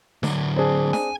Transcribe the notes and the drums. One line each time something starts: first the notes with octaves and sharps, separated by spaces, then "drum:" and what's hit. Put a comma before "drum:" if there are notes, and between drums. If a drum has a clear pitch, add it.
D3 F#3, drum: snare
C4 D4 G#4
G#5, drum: snare